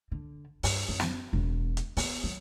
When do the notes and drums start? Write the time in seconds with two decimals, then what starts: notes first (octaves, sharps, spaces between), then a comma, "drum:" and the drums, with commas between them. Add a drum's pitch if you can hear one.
0.12 D3
0.63 G2, drum: open hi-hat
0.89 F#2
1.00 drum: snare
1.33 E1
1.77 drum: hi-hat
1.97 B3, drum: open hi-hat
2.24 F#3